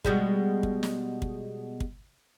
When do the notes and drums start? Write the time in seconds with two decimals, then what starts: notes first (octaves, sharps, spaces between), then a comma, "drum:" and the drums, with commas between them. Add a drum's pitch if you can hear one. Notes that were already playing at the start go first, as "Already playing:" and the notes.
0.05 B2 G3 G#3, drum: kick
0.63 drum: kick
0.83 drum: snare
1.22 drum: kick
1.80 drum: kick